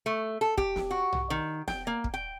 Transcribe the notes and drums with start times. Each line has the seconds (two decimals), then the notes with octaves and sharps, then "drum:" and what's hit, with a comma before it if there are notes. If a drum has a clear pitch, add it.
0.06 A3
0.41 A4
0.58 G4, drum: kick
0.76 drum: snare
0.91 F#4
1.13 drum: tom B1
1.30 D#3
1.68 G5, drum: snare
1.87 A#3
2.04 drum: kick
2.14 G5